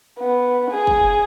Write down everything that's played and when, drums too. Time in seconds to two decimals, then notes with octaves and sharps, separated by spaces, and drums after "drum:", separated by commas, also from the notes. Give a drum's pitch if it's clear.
0.19 B3
0.71 G#4
0.87 drum: kick